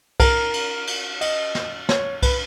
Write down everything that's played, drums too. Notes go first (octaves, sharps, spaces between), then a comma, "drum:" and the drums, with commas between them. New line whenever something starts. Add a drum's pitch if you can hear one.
A#4, drum: kick C2, cymbal
drum: cymbal
drum: cymbal
D#5, drum: cymbal
drum: snare
C#5, drum: snare
B4, drum: kick C2, cymbal